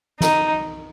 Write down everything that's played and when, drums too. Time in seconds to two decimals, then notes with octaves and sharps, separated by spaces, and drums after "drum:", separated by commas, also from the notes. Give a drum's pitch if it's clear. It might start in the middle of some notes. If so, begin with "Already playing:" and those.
0.21 D#4, drum: snare